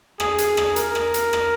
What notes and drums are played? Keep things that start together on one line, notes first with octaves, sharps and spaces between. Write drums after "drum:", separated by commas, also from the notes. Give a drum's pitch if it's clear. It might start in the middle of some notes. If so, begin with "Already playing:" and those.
G#4, drum: rim click
drum: hi-hat
drum: rim click
A#4, drum: hi-hat
drum: rim click
drum: hi-hat
drum: rim click